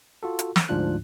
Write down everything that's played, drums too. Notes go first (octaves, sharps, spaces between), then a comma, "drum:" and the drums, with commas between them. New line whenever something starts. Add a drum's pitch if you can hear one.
F4 F#4 A4
drum: hi-hat
drum: snare
D2 G#2 F3 D4 F4 F#6